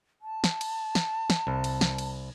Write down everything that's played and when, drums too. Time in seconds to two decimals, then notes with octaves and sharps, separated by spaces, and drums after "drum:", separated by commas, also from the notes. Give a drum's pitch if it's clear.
0.22 A5
0.44 drum: snare
0.61 drum: cymbal
0.95 drum: snare
1.30 drum: snare
1.47 C2
1.64 drum: cymbal
1.81 drum: snare
1.98 drum: cymbal